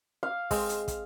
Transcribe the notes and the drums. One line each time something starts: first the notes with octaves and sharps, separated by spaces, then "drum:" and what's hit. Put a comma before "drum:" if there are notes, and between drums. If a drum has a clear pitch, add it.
F5
G#3 C4, drum: kick, open hi-hat
drum: hi-hat
drum: kick, hi-hat